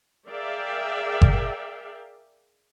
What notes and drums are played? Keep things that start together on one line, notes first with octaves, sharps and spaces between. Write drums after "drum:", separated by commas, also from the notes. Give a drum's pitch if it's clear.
G#4 A#4 D5 E5 F5 G5
drum: kick G1